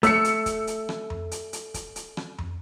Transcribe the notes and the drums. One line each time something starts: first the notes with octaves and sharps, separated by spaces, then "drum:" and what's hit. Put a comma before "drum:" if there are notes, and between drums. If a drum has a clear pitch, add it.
A3 E6 C#7, drum: hi-hat
drum: hi-hat
drum: kick, hi-hat
drum: hi-hat
drum: rim click
drum: tom F2
drum: hi-hat
drum: hi-hat
drum: kick, hi-hat
drum: hi-hat
drum: rim click
drum: tom F2